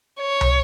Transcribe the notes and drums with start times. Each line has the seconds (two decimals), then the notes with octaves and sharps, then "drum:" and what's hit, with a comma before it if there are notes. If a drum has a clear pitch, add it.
0.21 C#5
0.41 drum: tom